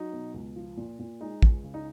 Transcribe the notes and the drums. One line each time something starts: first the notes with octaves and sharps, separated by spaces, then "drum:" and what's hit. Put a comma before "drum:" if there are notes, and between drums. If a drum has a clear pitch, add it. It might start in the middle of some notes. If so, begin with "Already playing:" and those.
Already playing: F#3 D#4
B2
C#2
F3
A#2
A#2
G#3 D#4
C#2, drum: kick
C#3
D#4